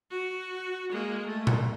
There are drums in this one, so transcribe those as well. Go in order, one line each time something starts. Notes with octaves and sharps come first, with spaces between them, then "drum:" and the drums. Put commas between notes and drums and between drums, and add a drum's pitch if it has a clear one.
F#4
G#3 A#3
A3
drum: tom A#2